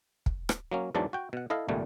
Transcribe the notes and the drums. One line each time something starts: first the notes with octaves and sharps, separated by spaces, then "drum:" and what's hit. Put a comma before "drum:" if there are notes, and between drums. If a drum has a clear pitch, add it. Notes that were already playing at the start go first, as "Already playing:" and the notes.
drum: kick
drum: rim click
F#3 A#3 C#4
E2 G#2 E3 F#3 D4 A5
F#4 G5
B2 F#5
E4 A4 D#5 F5
G#1 C#2 A#2 G3 A3